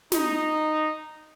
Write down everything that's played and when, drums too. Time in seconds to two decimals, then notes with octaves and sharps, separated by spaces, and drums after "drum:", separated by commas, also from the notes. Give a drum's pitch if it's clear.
0.12 D#4, drum: snare